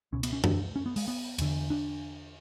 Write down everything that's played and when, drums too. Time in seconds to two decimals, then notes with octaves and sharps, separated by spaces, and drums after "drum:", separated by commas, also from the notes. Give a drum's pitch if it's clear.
0.12 C#2 B2 C#4
0.23 B3, drum: cymbal
0.33 C#4
0.44 D4, drum: tom F#2
0.76 C#4
0.86 B3
0.96 G#3, drum: open hi-hat
1.08 B3
1.38 E2 D3, drum: cymbal
1.70 D4